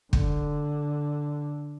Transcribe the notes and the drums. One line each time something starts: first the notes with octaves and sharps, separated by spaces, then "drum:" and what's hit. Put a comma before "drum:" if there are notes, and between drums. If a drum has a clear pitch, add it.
D3, drum: kick